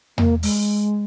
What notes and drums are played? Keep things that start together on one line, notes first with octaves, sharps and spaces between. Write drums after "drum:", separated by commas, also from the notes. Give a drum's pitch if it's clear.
A#3, drum: tom E2
G#3, drum: open hi-hat